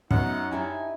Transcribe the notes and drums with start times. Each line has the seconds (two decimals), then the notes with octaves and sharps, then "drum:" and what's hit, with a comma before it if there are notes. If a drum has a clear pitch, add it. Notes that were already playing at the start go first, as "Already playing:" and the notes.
0.11 F#2 A3 B3 D#4 F#5, drum: kick
0.51 D4 E4 G4 G#5